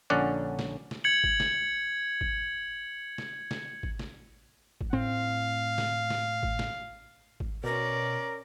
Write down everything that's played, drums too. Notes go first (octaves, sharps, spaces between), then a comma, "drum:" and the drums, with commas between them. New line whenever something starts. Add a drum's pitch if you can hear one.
A#1 D3 C#4 D5 F#5
drum: snare
drum: snare
G#6 C#7 F#7
drum: kick G#1
drum: snare
drum: kick G#1
drum: snare
drum: snare
drum: kick G#1
drum: snare
drum: kick G#1
A2 C4 F5
drum: snare
drum: snare
drum: kick G#1
drum: snare
drum: kick G#1
B2 C#4 A#4 D5